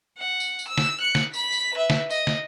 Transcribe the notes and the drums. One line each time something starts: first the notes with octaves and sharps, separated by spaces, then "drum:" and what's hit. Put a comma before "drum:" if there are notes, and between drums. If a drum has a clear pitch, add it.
F#5
drum: tambourine
drum: tambourine
E6
drum: snare
F#6 C#7
drum: snare
B5 B6, drum: tambourine
drum: tambourine
B4 E5
drum: snare
D#5, drum: tambourine
drum: snare